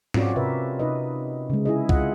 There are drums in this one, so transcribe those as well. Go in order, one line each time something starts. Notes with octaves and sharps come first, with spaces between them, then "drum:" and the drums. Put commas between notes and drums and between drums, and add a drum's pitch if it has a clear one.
C4 C#4 F4 F#4 C#5 D5, drum: tom G#2
C3 A#4 B4 E5
C3 D#4 B4 D#5
C#3 G#3
E4 G#4 D#5
F4 D#5 F#5, drum: kick C2